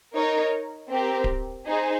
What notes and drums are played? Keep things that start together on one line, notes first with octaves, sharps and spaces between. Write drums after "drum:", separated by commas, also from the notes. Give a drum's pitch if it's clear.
D#4 A#4 C#5
C4 G4 A#4
drum: kick D1
D#4 G#4 C5